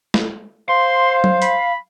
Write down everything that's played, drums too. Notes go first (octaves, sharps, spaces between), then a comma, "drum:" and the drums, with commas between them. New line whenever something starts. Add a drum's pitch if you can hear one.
drum: snare
C5 F5 C6
drum: tom F#3
B5, drum: hi-hat